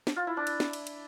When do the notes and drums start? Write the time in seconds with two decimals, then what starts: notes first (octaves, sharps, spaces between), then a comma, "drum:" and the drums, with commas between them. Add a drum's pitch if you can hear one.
0.07 drum: snare
0.16 F4
0.27 E4
0.37 D4
0.47 drum: cymbal
0.60 drum: snare
0.73 drum: cymbal
0.87 drum: cymbal